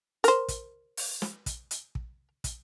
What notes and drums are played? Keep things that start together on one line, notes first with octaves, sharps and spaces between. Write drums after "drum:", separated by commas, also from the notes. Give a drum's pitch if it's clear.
A#4 C5, drum: hi-hat
drum: kick, hi-hat
drum: open hi-hat
drum: snare
drum: kick, hi-hat
drum: hi-hat
drum: kick
drum: kick, hi-hat